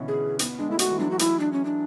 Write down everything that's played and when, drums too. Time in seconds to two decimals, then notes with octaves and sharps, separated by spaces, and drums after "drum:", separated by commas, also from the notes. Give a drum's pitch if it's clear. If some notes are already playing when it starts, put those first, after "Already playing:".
Already playing: B2 D3 E3 B3 C#4
0.08 G#4
0.39 B3, drum: hi-hat
0.59 G#3 D4
0.69 A3 E4
0.79 F#4, drum: hi-hat
0.90 E3
0.99 F#3 D4
1.11 F#4
1.19 E4, drum: hi-hat
1.40 D4
1.53 C#4
1.65 D4